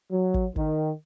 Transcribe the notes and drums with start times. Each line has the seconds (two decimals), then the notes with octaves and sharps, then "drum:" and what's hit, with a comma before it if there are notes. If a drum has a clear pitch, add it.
0.11 F#3
0.34 drum: kick
0.56 D#3, drum: kick